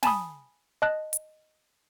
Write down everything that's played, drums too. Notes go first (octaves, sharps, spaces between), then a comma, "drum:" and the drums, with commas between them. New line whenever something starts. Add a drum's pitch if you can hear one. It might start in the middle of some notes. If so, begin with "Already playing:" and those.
G#5 A5 B5 D#6, drum: snare
D#5 A5 F#6
drum: hi-hat